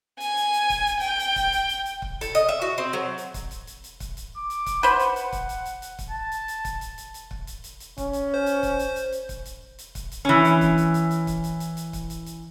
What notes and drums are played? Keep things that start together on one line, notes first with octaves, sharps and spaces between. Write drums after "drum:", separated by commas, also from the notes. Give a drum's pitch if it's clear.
G#5, drum: hi-hat
drum: hi-hat
drum: hi-hat
drum: kick, hi-hat
drum: hi-hat
G5, drum: hi-hat
drum: hi-hat
drum: kick, hi-hat
drum: hi-hat
drum: hi-hat
drum: hi-hat
drum: kick
A4, drum: hi-hat
D#5, drum: hi-hat
E5
F#4
C4
F#3
drum: hi-hat
drum: kick, hi-hat
drum: hi-hat
drum: hi-hat
drum: hi-hat
drum: kick, hi-hat
drum: hi-hat
D6
drum: hi-hat
drum: kick, hi-hat
B4 C5 F#5, drum: hi-hat
drum: hi-hat
drum: hi-hat
drum: kick, hi-hat
drum: hi-hat
drum: hi-hat
drum: hi-hat
drum: kick, hi-hat
A5
drum: hi-hat
drum: hi-hat
drum: kick, hi-hat
drum: hi-hat
drum: hi-hat
drum: hi-hat
drum: kick
drum: hi-hat
drum: hi-hat
drum: hi-hat
C#4, drum: kick, hi-hat
drum: hi-hat
C5
drum: hi-hat
drum: kick, hi-hat
drum: hi-hat
drum: hi-hat
drum: hi-hat
drum: kick, hi-hat
drum: hi-hat
drum: hi-hat
drum: kick, hi-hat
drum: hi-hat
E3 C#4
drum: hi-hat
drum: kick, hi-hat
drum: hi-hat
drum: hi-hat
drum: hi-hat
drum: kick, hi-hat
drum: hi-hat
drum: hi-hat
drum: hi-hat
drum: kick, hi-hat
drum: hi-hat
drum: hi-hat